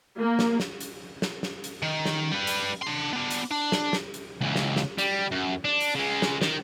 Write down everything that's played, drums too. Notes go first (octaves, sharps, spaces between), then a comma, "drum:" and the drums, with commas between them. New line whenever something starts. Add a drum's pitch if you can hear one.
A#3
drum: snare
drum: snare
drum: hi-hat
drum: snare
drum: snare
drum: hi-hat
D#3
drum: snare
G3 B4
drum: hi-hat
D4 C6
B3 D4
drum: hi-hat
D4
drum: snare
drum: snare
drum: hi-hat
C#2 E3
drum: snare
drum: snare
G3, drum: hi-hat
F#2
D4
drum: hi-hat
C#3 G#3
drum: snare
D#3, drum: snare